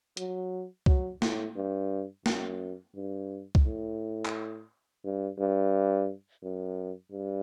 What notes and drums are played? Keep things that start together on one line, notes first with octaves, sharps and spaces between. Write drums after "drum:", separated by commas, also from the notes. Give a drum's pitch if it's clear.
F#3, drum: hi-hat
F#3, drum: kick C2
A2, drum: snare
G2
F#2, drum: snare
G2
drum: kick C2
A2
drum: clap
G2
G2
F#2
G2